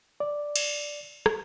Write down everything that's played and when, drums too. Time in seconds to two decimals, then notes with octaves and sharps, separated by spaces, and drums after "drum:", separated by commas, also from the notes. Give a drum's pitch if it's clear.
0.20 D5
0.56 drum: cymbal
1.26 drum: rim click